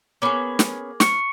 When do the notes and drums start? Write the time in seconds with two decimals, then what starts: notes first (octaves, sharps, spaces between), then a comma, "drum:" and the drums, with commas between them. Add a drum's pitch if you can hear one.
0.22 A#3 B3 C#4 G#4
0.59 drum: snare
1.00 C#6 F6 C#7, drum: snare